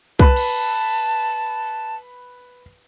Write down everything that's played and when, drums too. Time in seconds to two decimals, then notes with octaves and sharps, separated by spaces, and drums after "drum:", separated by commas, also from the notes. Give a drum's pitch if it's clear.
0.19 B4 A5 B5, drum: kick C2
0.36 drum: cymbal